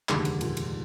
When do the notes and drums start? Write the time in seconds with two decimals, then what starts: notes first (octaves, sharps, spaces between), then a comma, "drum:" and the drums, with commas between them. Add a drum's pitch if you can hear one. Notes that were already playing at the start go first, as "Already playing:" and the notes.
0.09 F1 D#2 D3 D#3 G#3, drum: clap
0.25 drum: cymbal
0.41 A#2, drum: cymbal
0.57 drum: cymbal